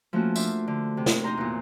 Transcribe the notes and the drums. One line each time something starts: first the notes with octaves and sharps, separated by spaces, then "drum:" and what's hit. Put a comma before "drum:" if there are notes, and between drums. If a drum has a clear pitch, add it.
F3 A3 A#3 C#4 F#4
D4 C5 E5, drum: tambourine
D3
C3
drum: snare
D#4 C5 A#5 C6
E2 A#2